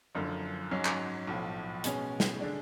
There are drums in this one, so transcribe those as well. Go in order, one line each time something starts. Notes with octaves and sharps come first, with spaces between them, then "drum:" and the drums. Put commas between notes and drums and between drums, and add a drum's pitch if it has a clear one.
F#1 F#2 D3 F3
G#2 F#3 C#4
drum: clap
B1 A2 F3
B2 G#3 C#4, drum: hi-hat
drum: snare
D3 G#3 D4